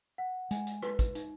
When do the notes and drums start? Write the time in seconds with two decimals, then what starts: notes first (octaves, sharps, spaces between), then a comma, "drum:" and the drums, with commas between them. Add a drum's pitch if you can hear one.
0.18 F#5
0.51 G#3 G#5, drum: hi-hat
0.67 drum: hi-hat
0.82 B4, drum: rim click
0.99 drum: kick, hi-hat
1.15 D#4, drum: hi-hat